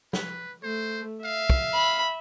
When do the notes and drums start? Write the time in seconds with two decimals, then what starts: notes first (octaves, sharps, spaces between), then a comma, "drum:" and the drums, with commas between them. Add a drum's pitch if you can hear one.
0.13 B4, drum: snare
0.63 A3 C5
1.25 E5 F5
1.50 drum: kick
1.74 B5